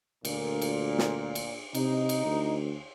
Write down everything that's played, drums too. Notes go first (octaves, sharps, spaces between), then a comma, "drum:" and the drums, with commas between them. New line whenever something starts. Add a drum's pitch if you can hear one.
D2 A#2, drum: cymbal
drum: cymbal
drum: snare
drum: cymbal
C3 D#4, drum: cymbal
drum: cymbal
D2